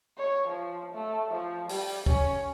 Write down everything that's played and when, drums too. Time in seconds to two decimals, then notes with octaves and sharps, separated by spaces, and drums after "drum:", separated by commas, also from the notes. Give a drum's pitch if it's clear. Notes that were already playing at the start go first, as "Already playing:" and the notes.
0.17 C#5
0.48 F3
0.94 A3
1.31 F3
1.69 G3, drum: open hi-hat
2.06 C#4, drum: kick